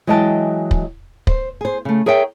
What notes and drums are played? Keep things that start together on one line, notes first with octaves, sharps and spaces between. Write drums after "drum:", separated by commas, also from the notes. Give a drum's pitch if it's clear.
E3 F#3 G#3 D#5 G5 A5
drum: kick
C5, drum: kick
G#4 C5
C#3 A3
G#4 A#4 C#5 E5 G5